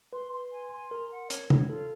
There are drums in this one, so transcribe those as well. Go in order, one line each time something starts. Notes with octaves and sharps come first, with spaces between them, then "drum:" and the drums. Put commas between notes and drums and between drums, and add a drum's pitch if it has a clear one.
B4 C6
C6
G#5
C6
A#4 A#5
F#5
C#5, drum: hi-hat
C#5, drum: tom C3
F4 A4